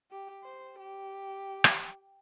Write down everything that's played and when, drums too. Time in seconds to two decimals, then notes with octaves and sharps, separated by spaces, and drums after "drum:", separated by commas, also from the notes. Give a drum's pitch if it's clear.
0.11 G4
0.43 C5
0.79 G4
1.64 drum: rim click